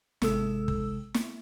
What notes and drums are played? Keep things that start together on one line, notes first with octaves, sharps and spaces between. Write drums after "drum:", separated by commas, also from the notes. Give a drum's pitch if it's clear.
G#1 C3 G#3 A4 E6, drum: snare
drum: kick
drum: snare